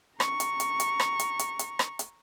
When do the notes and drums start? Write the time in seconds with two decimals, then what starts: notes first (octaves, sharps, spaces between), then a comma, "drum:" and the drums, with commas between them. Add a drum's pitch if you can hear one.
0.20 A#5 C#6, drum: rim click
0.40 drum: hi-hat
0.60 drum: hi-hat
0.80 drum: hi-hat
1.00 drum: rim click
1.19 drum: hi-hat
1.39 drum: hi-hat
1.59 drum: hi-hat
1.79 drum: rim click
1.99 drum: hi-hat